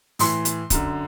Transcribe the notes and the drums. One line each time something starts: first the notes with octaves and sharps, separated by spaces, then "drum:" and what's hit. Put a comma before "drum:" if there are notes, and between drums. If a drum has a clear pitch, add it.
A2 E3 C6, drum: open hi-hat
drum: hi-hat
F#2 D3, drum: kick, hi-hat